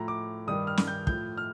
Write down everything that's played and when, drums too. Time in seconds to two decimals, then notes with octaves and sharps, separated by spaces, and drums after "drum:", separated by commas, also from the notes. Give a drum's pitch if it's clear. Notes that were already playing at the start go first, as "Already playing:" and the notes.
Already playing: A2 F3 A#5
0.08 D6
0.47 G2 D#3 G3 D#6
0.67 F6
0.77 drum: snare
0.88 G6
1.07 A2 F3 G6, drum: kick
1.37 F6